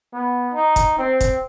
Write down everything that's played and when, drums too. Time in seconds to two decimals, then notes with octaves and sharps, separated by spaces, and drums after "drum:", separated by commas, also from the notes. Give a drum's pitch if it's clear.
0.13 B3
0.54 D#4
0.76 drum: kick, hi-hat
0.98 C4
1.21 drum: kick, hi-hat